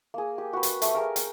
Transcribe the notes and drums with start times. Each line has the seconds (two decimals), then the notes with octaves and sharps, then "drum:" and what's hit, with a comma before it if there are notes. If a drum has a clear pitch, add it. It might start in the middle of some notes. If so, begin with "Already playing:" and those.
0.14 A#3 G#4
0.38 G4
0.53 F#4 B4
0.63 drum: hi-hat
0.82 A3 G4, drum: hi-hat
0.94 G#4 A#4 F5
1.16 G5, drum: hi-hat